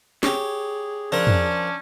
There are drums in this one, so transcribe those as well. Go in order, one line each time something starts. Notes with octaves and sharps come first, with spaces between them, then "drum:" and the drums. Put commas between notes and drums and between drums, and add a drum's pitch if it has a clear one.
G4 G#4 C#5, drum: snare
F3 C#4 D4 A#4
drum: tom